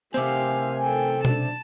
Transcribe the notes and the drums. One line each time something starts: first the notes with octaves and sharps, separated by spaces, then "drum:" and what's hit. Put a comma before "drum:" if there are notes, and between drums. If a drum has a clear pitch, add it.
C3 A3 C4 G4 A#4 F5 G#5
A4 G5
D4 A5, drum: tom B2